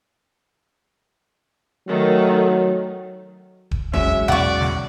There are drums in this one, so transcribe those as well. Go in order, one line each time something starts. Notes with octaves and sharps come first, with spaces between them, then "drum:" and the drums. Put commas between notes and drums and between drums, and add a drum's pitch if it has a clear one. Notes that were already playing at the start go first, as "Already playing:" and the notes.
D#3 F#3 A3
drum: kick D#1
A1 F#3 G#3 C#4 E5, drum: tom E2
E2 D5 F#5 C#6, drum: tom B2
drum: snare